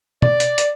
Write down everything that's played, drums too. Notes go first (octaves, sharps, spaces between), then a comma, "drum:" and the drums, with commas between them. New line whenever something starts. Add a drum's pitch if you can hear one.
D5, drum: tom
drum: hi-hat
drum: hi-hat